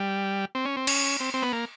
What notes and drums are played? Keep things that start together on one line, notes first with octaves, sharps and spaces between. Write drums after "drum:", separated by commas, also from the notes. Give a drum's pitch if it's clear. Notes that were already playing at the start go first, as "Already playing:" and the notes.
Already playing: G3
C4
C#4
C4
C#4, drum: cymbal
C4
C4
B3
A#3